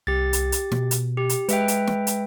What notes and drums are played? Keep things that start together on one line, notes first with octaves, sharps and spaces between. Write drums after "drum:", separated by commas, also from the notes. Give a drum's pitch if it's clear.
C2 G4 A6
drum: hi-hat
drum: hi-hat
B2, drum: snare
drum: hi-hat
G4
drum: hi-hat
G#3 B4 E5 G5, drum: hi-hat
drum: hi-hat
drum: snare
drum: hi-hat